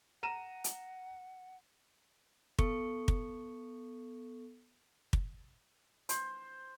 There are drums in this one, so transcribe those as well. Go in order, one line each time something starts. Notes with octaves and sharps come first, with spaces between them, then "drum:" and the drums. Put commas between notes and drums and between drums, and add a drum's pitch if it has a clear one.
F#5 A#5 D#7 E7
drum: hi-hat
B3 A4 C#6 C#7, drum: kick
drum: kick
drum: kick
C5, drum: hi-hat